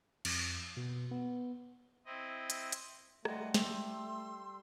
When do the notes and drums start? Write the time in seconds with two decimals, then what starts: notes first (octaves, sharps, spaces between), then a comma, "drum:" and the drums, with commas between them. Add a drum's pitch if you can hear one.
0.25 F2, drum: cymbal
0.77 B2
1.11 B3
2.06 C4 E4 D#5
2.50 drum: hi-hat
2.72 drum: hi-hat
3.25 G3 A3 D#5 F#5 C6, drum: rim click
3.54 G4 C6 E6, drum: snare